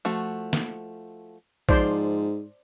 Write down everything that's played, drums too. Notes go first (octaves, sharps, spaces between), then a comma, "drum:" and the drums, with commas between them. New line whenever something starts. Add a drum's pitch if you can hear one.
F3 A3 F#4
drum: snare
G#2 F3 C5 D5 C6, drum: kick A#1